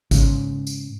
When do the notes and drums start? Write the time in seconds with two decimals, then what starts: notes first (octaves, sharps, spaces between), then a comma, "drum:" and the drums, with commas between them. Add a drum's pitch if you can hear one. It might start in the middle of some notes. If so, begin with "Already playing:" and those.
0.11 G#2 C#3, drum: kick G#1, tambourine
0.67 drum: tambourine